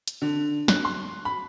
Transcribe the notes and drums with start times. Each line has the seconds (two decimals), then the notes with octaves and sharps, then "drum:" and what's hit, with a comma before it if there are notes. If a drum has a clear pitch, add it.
0.08 drum: hi-hat
0.22 D3
0.68 F#6, drum: snare
0.85 C6
1.25 B5